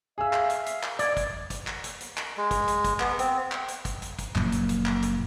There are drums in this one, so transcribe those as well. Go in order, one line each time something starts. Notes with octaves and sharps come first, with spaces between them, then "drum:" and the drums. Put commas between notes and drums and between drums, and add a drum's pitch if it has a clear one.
G#4 E5 F5 E6
drum: clap
drum: hi-hat
drum: hi-hat
drum: clap
D5 D#5 G#6, drum: hi-hat
drum: kick, hi-hat
drum: kick, hi-hat
drum: clap
drum: hi-hat
drum: hi-hat
drum: clap
G#3
drum: kick, hi-hat
drum: hi-hat
drum: kick, hi-hat
B3, drum: clap
C4, drum: hi-hat
drum: clap
drum: hi-hat
drum: kick, hi-hat
drum: hi-hat
drum: kick, hi-hat
F#1 F#2 A#2 F3, drum: clap
drum: hi-hat
drum: hi-hat
drum: clap
drum: hi-hat